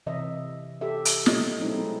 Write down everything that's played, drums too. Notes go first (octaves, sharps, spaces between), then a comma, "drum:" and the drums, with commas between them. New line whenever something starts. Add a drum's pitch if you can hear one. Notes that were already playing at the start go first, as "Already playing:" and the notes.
C3 E3 D#5 E5
G4 A4 E5
drum: hi-hat
B2 D#5, drum: snare
F#3 G#3 A3 C4 D#4 E4